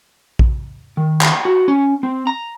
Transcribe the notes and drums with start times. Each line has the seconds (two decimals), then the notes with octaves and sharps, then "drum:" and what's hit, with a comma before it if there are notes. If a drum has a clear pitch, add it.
0.39 drum: kick A#1
0.97 D#3
1.21 drum: clap
1.45 F#4
1.68 C#4
2.03 C4
2.27 A#5